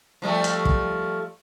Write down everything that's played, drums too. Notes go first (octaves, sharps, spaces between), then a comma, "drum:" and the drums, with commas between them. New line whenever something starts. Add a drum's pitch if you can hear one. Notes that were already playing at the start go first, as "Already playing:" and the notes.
F3 G3 A3
drum: hi-hat
drum: kick